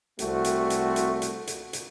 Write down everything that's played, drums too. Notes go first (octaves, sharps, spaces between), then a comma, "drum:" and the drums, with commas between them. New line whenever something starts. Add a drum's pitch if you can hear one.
C2 A3 C4 F#4, drum: hi-hat
drum: hi-hat
drum: hi-hat
drum: hi-hat
drum: hi-hat
drum: hi-hat
drum: hi-hat